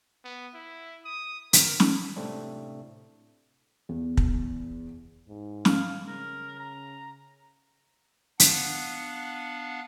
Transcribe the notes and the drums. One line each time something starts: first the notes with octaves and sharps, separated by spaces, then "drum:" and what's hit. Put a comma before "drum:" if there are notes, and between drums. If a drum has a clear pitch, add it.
B3
E4
D#6
A#4, drum: hi-hat
drum: snare
A2 C3 A3 C4 D4
E2
drum: kick
G#2
F5, drum: snare
C#3 A#4
A#5
B3 D4 F5 F#5 F#6, drum: hi-hat